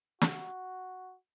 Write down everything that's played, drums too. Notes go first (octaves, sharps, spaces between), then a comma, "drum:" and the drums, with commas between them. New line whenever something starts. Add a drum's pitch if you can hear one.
F#4, drum: snare